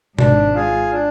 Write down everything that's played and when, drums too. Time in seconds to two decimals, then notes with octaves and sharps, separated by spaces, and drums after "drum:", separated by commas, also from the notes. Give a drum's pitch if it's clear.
0.19 G#1 G#2 D4, drum: tom B2
0.55 F4 G#4
0.92 D4